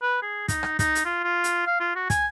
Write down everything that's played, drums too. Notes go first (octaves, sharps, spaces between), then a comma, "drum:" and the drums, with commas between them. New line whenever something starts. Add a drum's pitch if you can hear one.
B4
G#4
D#4, drum: kick, hi-hat
drum: rim click
D#4, drum: kick, hi-hat
drum: hi-hat
F4
F4
drum: hi-hat
F5
F4
F#4
G#5, drum: kick, hi-hat